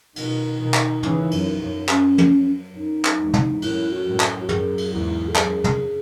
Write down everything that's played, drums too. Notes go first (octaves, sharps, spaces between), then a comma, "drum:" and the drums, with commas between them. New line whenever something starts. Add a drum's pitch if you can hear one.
B2 D#3 D#4, drum: cymbal
B2 D#3
drum: clap
C#3 E3, drum: tom
F#2, drum: cymbal
F#2
C#4, drum: clap
drum: tom
F#2 D#4
drum: clap
E2 G#2
drum: tom
F#2 A2 E4, drum: cymbal
F#4
F#2 A2
drum: clap
F#4
F#2 G#4, drum: tom
drum: cymbal
E2 G#2 E4
A4
F#2 G#4, drum: clap
drum: tom